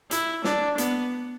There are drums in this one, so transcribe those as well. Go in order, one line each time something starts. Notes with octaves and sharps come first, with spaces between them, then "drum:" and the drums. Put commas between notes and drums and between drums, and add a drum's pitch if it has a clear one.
E4, drum: hi-hat
D4, drum: snare
B3, drum: hi-hat